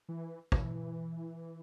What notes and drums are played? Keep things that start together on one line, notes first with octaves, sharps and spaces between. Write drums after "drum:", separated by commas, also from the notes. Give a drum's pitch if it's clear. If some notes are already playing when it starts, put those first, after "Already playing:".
E3
E3, drum: kick